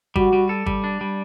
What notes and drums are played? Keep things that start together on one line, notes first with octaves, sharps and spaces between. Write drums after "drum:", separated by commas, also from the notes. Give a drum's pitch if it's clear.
G3 F#4, drum: kick
G3
A4
G3, drum: kick
D4
G3